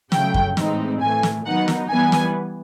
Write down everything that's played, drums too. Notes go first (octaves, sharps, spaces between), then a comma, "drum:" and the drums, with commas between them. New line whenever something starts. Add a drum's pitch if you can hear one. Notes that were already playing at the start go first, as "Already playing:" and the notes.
C#3 F#3 A3 G5, drum: snare
drum: kick F#2
A2 E3 G#3 C4 D#4, drum: snare
A2 E3 A3 G#5
drum: snare
D#3 F#3 B3 D#4 F#5
drum: snare
E3 G3 B3 G#5
drum: snare